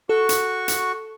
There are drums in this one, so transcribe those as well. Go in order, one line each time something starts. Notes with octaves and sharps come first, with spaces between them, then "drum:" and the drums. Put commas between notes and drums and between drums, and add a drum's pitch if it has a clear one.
F#4 A4 C#6
drum: hi-hat
drum: hi-hat